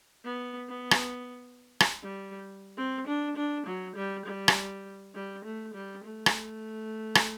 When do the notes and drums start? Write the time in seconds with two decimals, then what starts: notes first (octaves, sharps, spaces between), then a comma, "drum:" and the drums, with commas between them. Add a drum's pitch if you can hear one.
0.25 B3
0.69 B3
0.91 drum: rim click
1.80 drum: rim click
2.03 G3
2.77 C4
3.07 D4
3.36 D4
3.66 F#3
3.96 G3
4.26 G3
4.48 drum: rim click
5.15 G3
5.44 A3
5.74 G3
6.04 A3
6.26 drum: rim click
7.15 drum: rim click